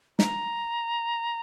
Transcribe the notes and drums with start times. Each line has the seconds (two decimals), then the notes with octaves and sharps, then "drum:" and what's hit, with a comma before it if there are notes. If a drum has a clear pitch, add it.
0.19 A#5, drum: snare